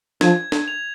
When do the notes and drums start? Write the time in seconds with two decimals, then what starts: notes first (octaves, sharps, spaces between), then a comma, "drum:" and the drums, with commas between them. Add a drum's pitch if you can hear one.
0.21 F3 G#6, drum: snare
0.52 drum: snare
0.68 F7